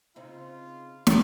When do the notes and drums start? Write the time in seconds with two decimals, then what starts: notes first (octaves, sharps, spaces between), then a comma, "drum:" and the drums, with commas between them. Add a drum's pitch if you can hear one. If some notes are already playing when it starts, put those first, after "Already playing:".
0.16 C#3 C4 D#4 F4
1.07 drum: snare